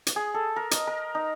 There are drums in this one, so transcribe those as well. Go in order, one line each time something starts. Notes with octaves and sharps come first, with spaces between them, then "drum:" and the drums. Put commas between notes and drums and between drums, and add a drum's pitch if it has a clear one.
drum: hi-hat
G#4
A4
A#4
D#5, drum: hi-hat
A#4
D#4